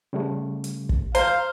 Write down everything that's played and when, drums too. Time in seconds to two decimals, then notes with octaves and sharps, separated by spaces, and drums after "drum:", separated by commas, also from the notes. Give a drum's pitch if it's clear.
0.13 C#3 G3 A3
0.64 drum: hi-hat
0.89 drum: kick
1.15 C5 F5 A#5, drum: hi-hat